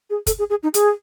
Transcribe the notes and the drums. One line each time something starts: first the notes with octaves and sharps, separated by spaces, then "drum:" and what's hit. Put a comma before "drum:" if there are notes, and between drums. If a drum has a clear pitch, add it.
G#4
A4, drum: kick, hi-hat
G#4
G#4
D#4
G#4, drum: hi-hat